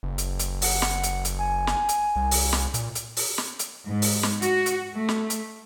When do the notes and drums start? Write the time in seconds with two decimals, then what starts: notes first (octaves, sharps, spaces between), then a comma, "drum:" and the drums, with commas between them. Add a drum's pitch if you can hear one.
0.03 F#1
0.18 drum: hi-hat
0.39 drum: hi-hat
0.62 F#5, drum: open hi-hat
0.82 drum: snare
1.03 drum: hi-hat
1.25 drum: hi-hat
1.38 G#5
1.67 drum: snare
1.89 drum: hi-hat
2.16 C2
2.31 drum: open hi-hat
2.53 drum: snare
2.74 A#2, drum: hi-hat
2.95 drum: hi-hat
3.17 drum: open hi-hat
3.38 drum: snare
3.59 drum: hi-hat
3.87 G#2
4.02 drum: open hi-hat
4.23 drum: snare
4.42 F#4, drum: hi-hat
4.66 drum: hi-hat
4.93 A3
5.09 drum: snare
5.30 drum: hi-hat